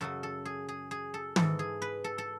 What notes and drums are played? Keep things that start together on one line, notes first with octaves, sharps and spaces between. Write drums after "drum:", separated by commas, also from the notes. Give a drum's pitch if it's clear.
F#2 C#3 F#3 A4
A4
G#4
G#4
G#4
A4
G#2 E3 A4, drum: tom
G#4
B4
A4
A4